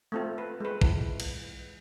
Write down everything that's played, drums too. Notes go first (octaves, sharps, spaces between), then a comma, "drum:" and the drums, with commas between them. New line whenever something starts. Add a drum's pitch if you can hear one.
A3 C4 F4
B4
G#3 B4
E3, drum: kick
drum: cymbal